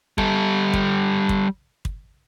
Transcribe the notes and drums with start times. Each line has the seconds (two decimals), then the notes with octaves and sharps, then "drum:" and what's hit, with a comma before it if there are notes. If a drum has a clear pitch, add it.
0.18 G3 A4, drum: kick
0.74 drum: kick
1.29 drum: kick
1.85 drum: kick